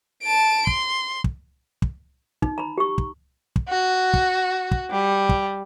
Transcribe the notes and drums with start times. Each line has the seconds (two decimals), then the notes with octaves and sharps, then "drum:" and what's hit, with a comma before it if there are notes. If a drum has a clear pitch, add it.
0.23 A5 D7
0.67 C6, drum: kick
1.24 drum: kick
1.82 drum: kick
2.42 D#4, drum: kick
2.58 A#5 B5
2.78 G4 C#6
2.98 drum: kick
3.56 drum: kick
3.69 F#4
4.14 drum: kick
4.71 drum: kick
4.90 G3
5.29 drum: kick